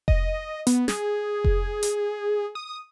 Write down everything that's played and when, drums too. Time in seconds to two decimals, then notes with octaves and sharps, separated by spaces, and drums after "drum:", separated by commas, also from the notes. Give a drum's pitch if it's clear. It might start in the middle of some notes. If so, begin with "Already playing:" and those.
0.08 D#5, drum: kick F1
0.67 B3, drum: hi-hat
0.88 G#4, drum: snare
1.44 drum: kick F1
1.83 drum: hi-hat
2.55 D#6